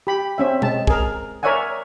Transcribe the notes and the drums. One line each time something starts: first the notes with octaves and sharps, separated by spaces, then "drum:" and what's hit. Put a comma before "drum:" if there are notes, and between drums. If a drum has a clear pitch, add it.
G4 B5
C4 C#4 E5
G#3 A5, drum: tom B2
G#4 A#4, drum: kick
A#4 C#5 D5 E5 F#5 G#5